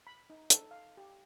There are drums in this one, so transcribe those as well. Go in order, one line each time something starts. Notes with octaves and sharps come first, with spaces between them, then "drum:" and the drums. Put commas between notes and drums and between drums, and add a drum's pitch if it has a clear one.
B5
D#4
A4, drum: hi-hat
F5
G4